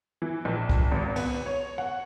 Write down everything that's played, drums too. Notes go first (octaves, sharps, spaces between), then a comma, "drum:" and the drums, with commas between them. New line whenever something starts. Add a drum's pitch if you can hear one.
E3
A#1
drum: kick C2
G#1
B3, drum: cymbal
C#5
F#5